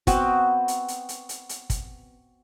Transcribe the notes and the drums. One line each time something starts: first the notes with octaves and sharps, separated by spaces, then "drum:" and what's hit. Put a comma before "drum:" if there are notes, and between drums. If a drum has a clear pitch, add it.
B3 C4 F#4, drum: kick, hi-hat
drum: hi-hat
drum: hi-hat
drum: hi-hat
drum: hi-hat
drum: hi-hat
drum: kick, hi-hat